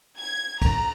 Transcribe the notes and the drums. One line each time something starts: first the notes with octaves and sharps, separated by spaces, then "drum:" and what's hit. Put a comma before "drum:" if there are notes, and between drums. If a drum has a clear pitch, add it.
G#6
A#5, drum: kick, cymbal